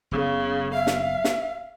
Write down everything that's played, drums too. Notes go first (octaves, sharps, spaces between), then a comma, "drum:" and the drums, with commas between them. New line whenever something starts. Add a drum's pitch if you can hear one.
F#1 C#3 B3
E5 F5
drum: snare
drum: snare